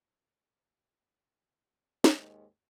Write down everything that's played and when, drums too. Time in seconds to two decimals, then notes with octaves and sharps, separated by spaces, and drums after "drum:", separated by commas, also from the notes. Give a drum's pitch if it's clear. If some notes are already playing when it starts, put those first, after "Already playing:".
2.04 D#2 G#2 G#3 D#4 C5 E5, drum: snare